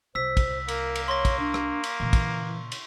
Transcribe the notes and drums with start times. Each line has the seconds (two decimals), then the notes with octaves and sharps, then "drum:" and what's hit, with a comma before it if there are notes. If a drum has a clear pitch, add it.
0.15 C2 C5 E6 B6
0.37 drum: kick, cymbal
0.68 A#3 A#4, drum: cymbal
0.95 drum: cymbal
1.08 C#5 C6 C#6 A#6
1.25 drum: kick, cymbal
1.40 D4
1.54 drum: rim click
1.84 drum: cymbal
2.00 A#2 C#3 E3
2.13 drum: kick, cymbal
2.72 drum: cymbal